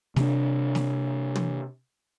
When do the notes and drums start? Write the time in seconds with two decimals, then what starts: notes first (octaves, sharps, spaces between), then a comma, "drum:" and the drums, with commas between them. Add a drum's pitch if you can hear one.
0.16 C3 D4, drum: snare
0.75 drum: snare
1.35 drum: tom